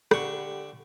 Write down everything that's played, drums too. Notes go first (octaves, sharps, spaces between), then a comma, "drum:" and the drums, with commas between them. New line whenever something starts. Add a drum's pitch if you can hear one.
D3 G4 F#5 C#6, drum: rim click